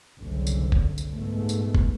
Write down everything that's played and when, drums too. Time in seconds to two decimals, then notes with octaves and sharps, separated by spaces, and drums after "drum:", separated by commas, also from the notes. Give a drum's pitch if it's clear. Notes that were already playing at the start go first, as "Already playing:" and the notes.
0.21 F#1 C2 D3
0.47 drum: tambourine
0.72 drum: kick
0.98 drum: tambourine
1.10 G#2 B2 A3
1.49 drum: tambourine
1.75 drum: kick